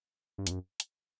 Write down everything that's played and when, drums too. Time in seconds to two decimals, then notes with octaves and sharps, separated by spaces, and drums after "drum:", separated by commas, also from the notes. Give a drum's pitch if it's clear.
0.38 G2
0.47 E2, drum: hi-hat
0.51 F#2
0.80 drum: hi-hat